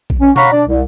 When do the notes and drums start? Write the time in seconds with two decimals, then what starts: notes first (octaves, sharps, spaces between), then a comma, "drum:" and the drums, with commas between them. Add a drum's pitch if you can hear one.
0.10 drum: kick A#1
0.20 C#4
0.36 C#5 F5 F#5 A#5 B5 C#6, drum: tom B2
0.51 D4 D5
0.67 C2